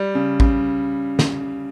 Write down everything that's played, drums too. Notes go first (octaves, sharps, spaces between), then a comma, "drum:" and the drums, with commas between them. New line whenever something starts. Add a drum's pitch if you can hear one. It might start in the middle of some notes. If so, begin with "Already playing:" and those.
Already playing: G3
C#3
C#3, drum: kick A1
drum: snare